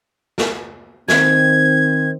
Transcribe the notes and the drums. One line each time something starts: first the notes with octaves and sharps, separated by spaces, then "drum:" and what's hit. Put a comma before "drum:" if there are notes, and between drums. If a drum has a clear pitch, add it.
drum: snare
D#3 C4 G#6, drum: snare